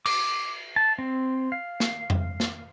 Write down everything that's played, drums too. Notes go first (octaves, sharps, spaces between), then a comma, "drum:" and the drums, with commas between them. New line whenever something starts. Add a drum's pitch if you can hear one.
D6, drum: cymbal
A5
C4
F5
drum: snare
drum: tom F2
drum: snare